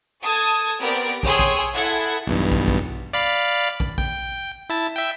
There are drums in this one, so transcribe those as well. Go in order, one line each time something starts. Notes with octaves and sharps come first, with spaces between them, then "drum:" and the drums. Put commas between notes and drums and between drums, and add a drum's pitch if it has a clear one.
A4 A5 D#6 G#6
B3 C4 G4 A#4 D5
G#4 C#5 G5 C6 E6, drum: kick
drum: kick
E4 G#4 A4 E5 F#5 G#6
B1 E2 G2
drum: kick
drum: kick
D5 F5 B5
drum: kick
G5, drum: kick
E4 A5
E5 G5